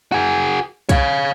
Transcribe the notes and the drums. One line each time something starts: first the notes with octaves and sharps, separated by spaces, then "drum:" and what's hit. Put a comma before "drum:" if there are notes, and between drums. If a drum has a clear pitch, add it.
F#4 G#4
C#5 F5, drum: kick, hi-hat